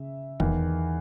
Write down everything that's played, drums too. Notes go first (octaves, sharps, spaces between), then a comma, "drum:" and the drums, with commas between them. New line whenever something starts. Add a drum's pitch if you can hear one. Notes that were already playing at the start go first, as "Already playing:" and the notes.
Already playing: C#3 E5
E2 D#3, drum: kick